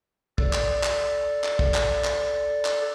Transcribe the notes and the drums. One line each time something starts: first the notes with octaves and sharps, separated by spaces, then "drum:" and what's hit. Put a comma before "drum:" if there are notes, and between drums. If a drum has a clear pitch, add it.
A4 D5, drum: kick
drum: clap
drum: clap
drum: clap
drum: kick
drum: clap
drum: clap
drum: clap